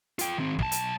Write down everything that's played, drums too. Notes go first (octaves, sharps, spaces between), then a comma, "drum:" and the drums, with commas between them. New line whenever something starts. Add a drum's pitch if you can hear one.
F4 G5, drum: hi-hat
D#3 C4
B1 A5, drum: kick
drum: hi-hat